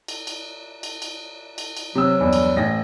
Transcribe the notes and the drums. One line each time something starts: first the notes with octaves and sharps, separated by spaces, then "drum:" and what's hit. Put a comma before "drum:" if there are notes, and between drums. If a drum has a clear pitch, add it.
drum: cymbal
drum: cymbal
drum: cymbal
drum: cymbal
drum: cymbal
drum: cymbal
C3 F#3 E6
E2 G2
drum: cymbal
A1 A#6